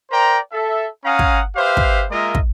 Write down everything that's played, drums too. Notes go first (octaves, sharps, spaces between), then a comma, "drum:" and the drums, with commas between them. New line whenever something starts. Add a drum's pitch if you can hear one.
A#4 C5 D5 G5 A#5
A4 E5
C#4 F5 F#5 G#5 A#5 D#6
drum: kick
G4 B4 C5 E5 F5
drum: kick
G#3 A#3 F4 A#4 D#5 E5
drum: kick